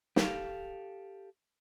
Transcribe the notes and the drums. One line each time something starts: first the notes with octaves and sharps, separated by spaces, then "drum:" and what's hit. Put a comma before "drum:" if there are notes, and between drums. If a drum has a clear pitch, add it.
G4 A4 F5, drum: snare